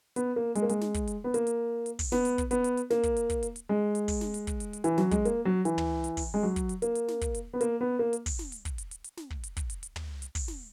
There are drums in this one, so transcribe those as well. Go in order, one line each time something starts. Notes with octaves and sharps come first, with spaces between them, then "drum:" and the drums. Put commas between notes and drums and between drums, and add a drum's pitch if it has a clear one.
B3, drum: hi-hat
A#3
G#3, drum: hi-hat
A#3
G#3, drum: hi-hat
drum: snare
drum: kick, hi-hat
drum: hi-hat
B3
A#3, drum: hi-hat
drum: hi-hat
drum: hi-hat
drum: kick, open hi-hat
B3, drum: snare
drum: hi-hat
drum: kick, hi-hat
B3, drum: hi-hat
drum: hi-hat
drum: hi-hat
A#3, drum: snare
drum: kick, hi-hat
drum: hi-hat
drum: kick, hi-hat
drum: hi-hat
drum: hi-hat
G#3
drum: hi-hat
drum: kick, open hi-hat
drum: snare
drum: hi-hat
drum: kick, hi-hat
drum: hi-hat
drum: hi-hat
E3, drum: hi-hat
F#3, drum: snare
G#3, drum: kick, hi-hat
A#3, drum: hi-hat
F#3
E3, drum: hi-hat
drum: tom
drum: hi-hat
drum: kick, open hi-hat
G#3
F#3
drum: kick, hi-hat
drum: hi-hat
A#3, drum: hi-hat
drum: hi-hat
drum: snare
drum: kick, hi-hat
drum: hi-hat
B3
A#3, drum: hi-hat
B3
A#3
drum: hi-hat
drum: kick, open hi-hat
drum: snare
drum: hi-hat
drum: kick, hi-hat
drum: hi-hat
drum: hi-hat
drum: hi-hat
drum: snare
drum: kick
drum: hi-hat
drum: kick, hi-hat
drum: hi-hat
drum: hi-hat
drum: tom
drum: hi-hat
drum: kick, open hi-hat
drum: snare